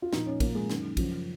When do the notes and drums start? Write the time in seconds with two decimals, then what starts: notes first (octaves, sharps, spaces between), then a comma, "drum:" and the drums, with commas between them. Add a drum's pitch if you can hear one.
0.02 F4
0.13 A#2 F3 D#4, drum: snare
0.26 C#4
0.40 A#2 F3 A#3, drum: kick, cymbal
0.55 G#3
0.70 F#2 D#3, drum: snare
0.97 F#2 C#3 F3, drum: kick, cymbal